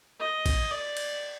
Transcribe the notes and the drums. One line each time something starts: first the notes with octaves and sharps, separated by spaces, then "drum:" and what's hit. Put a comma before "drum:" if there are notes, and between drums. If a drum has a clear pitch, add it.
D#5
drum: kick A#1, cymbal
D5
drum: cymbal